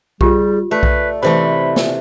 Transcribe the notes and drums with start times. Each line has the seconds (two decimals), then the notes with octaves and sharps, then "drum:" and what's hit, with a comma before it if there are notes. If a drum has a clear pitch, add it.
0.21 G3 F4 G4 G#4, drum: kick B1
0.71 A3 B4 D5
0.83 drum: kick B1
1.23 C3 E3 A3 C5 B5
1.76 drum: snare